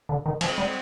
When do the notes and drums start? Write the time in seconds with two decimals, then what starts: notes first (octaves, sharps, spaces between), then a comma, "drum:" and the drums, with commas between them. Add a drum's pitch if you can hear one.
0.09 D3
0.26 D#3
0.41 F3 C4, drum: cymbal
0.58 G3